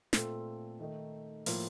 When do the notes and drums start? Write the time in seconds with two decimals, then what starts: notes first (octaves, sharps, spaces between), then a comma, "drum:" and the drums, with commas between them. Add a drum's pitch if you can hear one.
0.13 A#2 A3 C4 F4 A4, drum: snare
0.79 D#3 A3 D#4
1.46 A2 F3 A#3 F4, drum: open hi-hat